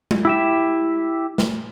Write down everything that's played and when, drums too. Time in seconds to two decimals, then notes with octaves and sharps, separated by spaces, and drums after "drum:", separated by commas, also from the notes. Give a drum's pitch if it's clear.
0.11 drum: tom G#3
0.25 E4 G4 E5
1.38 drum: snare